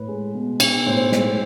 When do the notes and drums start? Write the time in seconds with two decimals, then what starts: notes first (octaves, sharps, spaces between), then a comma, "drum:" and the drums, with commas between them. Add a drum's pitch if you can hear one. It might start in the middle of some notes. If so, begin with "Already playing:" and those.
Already playing: A2 B4
0.08 G#3
0.34 B2
0.60 B2, drum: cymbal
0.86 A2 C5
1.12 G#3, drum: snare